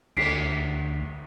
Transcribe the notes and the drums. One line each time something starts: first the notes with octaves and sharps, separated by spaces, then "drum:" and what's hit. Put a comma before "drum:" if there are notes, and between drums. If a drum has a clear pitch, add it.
D2 B6 C7 D7, drum: cymbal